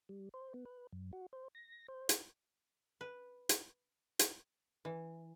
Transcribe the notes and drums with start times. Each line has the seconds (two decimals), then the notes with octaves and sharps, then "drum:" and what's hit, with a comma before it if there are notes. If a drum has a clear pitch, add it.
0.09 G3
0.34 C5
0.54 B3
0.66 B4
0.93 F#2
1.13 F#4
1.33 C5
1.55 A#6
1.88 C5
2.09 drum: hi-hat
3.01 B4
3.49 drum: hi-hat
4.19 drum: hi-hat
4.85 E3